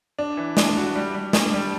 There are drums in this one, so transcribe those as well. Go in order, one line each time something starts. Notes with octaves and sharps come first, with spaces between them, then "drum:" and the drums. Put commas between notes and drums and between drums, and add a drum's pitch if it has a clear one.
D4
E3
D4, drum: snare
F#4
G3
G3
D4, drum: snare
G3